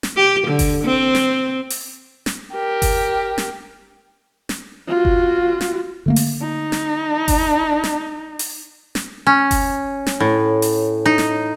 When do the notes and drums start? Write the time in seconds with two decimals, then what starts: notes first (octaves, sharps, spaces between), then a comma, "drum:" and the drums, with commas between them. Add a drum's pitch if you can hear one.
0.03 drum: snare
0.16 G4
0.47 D3
0.59 drum: kick F#1, open hi-hat
0.84 C4
1.15 drum: snare
1.70 drum: open hi-hat
2.26 drum: snare
2.54 G4 A#4
2.82 drum: kick F#1, open hi-hat
3.38 drum: snare
4.49 drum: snare
4.88 F4 F#4
5.05 drum: kick F#1
5.61 drum: snare
6.06 D3 A3 A#3
6.16 drum: open hi-hat
6.42 D#4
6.72 drum: snare
7.28 drum: kick F#1, open hi-hat
7.84 drum: snare
8.39 drum: open hi-hat
8.95 drum: snare
9.27 C#4
9.51 drum: kick F#1, open hi-hat
10.06 drum: snare
10.20 A2
10.62 drum: open hi-hat
11.06 D#4
11.18 drum: snare